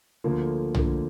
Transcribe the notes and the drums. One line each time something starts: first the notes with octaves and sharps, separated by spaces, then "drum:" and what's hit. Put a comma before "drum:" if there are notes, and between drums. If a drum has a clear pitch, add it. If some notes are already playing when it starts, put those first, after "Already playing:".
D2 D3 F3 A#3
D2 D3 F3 A#3, drum: tom